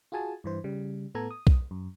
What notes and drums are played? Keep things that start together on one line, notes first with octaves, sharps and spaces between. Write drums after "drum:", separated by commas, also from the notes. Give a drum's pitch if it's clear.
F4 F#4 G#4 G#5 A5
G2 E3 C5
C#3 G3
A2 B3 A4 A#5 G#6
D#6
drum: kick B1
F#2